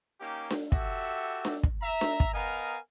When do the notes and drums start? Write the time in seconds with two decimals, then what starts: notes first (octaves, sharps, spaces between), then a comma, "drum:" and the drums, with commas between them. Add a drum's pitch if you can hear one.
0.21 A#3 C#4 D#4 G4
0.50 drum: snare D4
0.72 F#4 G4 A4 E5, drum: kick
1.45 drum: snare D4
1.63 drum: kick
1.82 E5 A#5
2.01 drum: snare D4
2.20 drum: kick
2.34 B3 A#4 D#5 F5 G#5 A#5